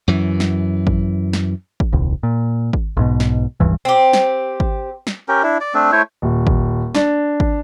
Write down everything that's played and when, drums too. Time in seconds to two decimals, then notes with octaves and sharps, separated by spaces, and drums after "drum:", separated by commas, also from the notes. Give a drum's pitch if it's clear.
0.08 F#2 E3
0.40 drum: snare
0.87 drum: kick G#1
1.33 drum: snare
1.80 drum: kick G#1
1.93 D#1 C2
2.23 A#2
2.73 drum: kick G#1
2.97 B1 G#2 B2
3.20 drum: snare
3.60 D#1 C#2 G2 E3
3.85 C4 G4
4.13 drum: snare
4.60 drum: kick G#1
5.07 drum: snare
5.29 C#4 G4 A#4
5.43 D4 E4
5.61 D5
5.74 A3 C4 D4
5.92 A3 E4 C5 C#5
6.22 D#1
6.47 drum: kick G#1
6.95 D4, drum: snare
7.40 drum: kick G#1